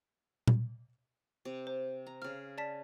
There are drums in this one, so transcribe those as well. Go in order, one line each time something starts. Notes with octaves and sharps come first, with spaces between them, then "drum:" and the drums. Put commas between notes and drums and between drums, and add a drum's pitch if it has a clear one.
drum: tom A#2
C3
C5
A#5
C#3 F5 F6
D5 A5 B6